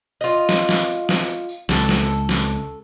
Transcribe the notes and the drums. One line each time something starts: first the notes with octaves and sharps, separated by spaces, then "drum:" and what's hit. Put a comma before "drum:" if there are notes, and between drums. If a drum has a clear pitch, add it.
F4 D#5
drum: snare
drum: snare
drum: tambourine
drum: snare
drum: tambourine
drum: tambourine
C#2 A4, drum: snare
drum: snare
drum: tambourine
drum: snare